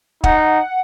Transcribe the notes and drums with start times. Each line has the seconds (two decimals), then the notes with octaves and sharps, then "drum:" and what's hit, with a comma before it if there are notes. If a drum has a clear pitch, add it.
0.24 D#4 F#5, drum: kick